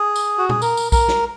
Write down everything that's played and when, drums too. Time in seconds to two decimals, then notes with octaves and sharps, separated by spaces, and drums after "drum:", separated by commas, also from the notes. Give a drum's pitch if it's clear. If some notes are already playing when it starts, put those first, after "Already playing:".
Already playing: G#4
0.16 drum: tambourine
0.38 F#4
0.49 G#4, drum: tom
0.62 A#4, drum: tambourine
0.77 drum: tambourine
0.92 A#4, drum: kick B1, tambourine
1.08 drum: snare